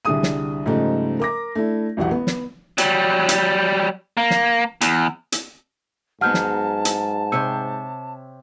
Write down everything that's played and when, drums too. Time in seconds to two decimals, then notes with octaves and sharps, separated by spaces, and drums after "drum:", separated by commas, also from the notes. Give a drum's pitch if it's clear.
0.05 C2 D3 G3 G#4 D#6 D#7
0.23 drum: snare
0.66 G#2 C#3 F3 G3 A3 D#4
1.19 A#4 D6 A#6
1.55 A3 D4 E4
1.97 E1 A1 F#3 G4 F#5
2.11 B3
2.27 drum: snare
2.78 F#3 G3, drum: hi-hat
3.29 drum: hi-hat
4.17 A#3
4.30 drum: snare
4.81 E2, drum: hi-hat
5.32 drum: hi-hat
6.21 G#2 F#3 G#3 B3 F#5 A5 F6 G6
6.34 drum: snare
6.85 drum: hi-hat
7.32 C3 C5 C#5 E6 C#7